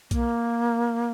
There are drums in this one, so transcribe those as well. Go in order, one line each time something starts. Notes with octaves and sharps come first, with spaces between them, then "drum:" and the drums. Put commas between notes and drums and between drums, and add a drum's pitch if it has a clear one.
A#3, drum: kick B1, hi-hat